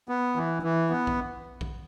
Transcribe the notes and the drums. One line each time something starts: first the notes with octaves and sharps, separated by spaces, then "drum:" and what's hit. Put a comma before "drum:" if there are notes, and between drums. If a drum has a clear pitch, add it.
B3
E3
E3
B3
drum: kick A#1
drum: kick A#1